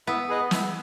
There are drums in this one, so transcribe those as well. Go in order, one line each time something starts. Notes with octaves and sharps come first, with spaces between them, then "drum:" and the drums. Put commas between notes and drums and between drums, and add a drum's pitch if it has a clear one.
B3 E4
G#4 B4 D#5
E4, drum: snare